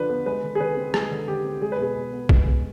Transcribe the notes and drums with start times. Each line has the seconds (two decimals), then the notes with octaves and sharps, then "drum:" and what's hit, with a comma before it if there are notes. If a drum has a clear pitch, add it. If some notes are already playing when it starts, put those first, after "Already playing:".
Already playing: D3 F3 D4 B4
0.09 B3
0.26 G#3 B4
0.43 D3
0.55 G#4
0.60 D3 B4
0.77 C4
0.94 G#3 G#4, drum: rim click
1.11 D3
1.28 D3 G4
1.45 C4
1.62 G#3 G#4
1.72 B4
1.79 B2 G#4
1.96 B2
2.13 B3
2.29 G#3, drum: kick
2.47 B2